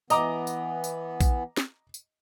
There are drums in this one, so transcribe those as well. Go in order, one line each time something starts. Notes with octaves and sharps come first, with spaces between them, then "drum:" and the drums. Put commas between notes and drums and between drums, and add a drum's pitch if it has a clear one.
E3 B3 D#5 A#5 D6, drum: tambourine
drum: tambourine
drum: tambourine
drum: kick A#1, tambourine
drum: snare
drum: tambourine